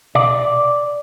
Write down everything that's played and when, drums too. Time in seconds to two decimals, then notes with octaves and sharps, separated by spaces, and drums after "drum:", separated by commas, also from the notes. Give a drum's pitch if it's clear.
0.15 D5, drum: tom A#2